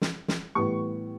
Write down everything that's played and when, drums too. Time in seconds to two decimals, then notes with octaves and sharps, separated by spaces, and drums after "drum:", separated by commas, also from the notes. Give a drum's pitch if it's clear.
0.01 drum: snare
0.28 drum: snare
0.55 A2 E3 G3 B3 C#6